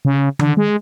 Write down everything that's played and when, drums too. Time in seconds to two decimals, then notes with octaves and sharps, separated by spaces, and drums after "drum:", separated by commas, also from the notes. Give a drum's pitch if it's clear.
0.05 C#3
0.39 D3, drum: tom D#3
0.57 G#3